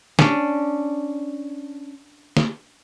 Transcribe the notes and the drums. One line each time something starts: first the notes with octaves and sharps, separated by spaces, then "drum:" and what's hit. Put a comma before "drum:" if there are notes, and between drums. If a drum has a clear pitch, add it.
C#4 D4, drum: snare
drum: snare